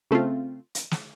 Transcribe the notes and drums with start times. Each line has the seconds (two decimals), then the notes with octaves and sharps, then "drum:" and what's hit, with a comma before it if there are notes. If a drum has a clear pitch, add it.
0.11 C#3 A3 C4 F4
0.75 drum: hi-hat
0.91 drum: snare